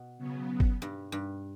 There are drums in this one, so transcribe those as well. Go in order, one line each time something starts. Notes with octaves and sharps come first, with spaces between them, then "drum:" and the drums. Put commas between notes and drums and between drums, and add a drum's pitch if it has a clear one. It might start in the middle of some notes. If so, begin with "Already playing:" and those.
Already playing: B2
C#3 F#3 B3
drum: kick
G2
G2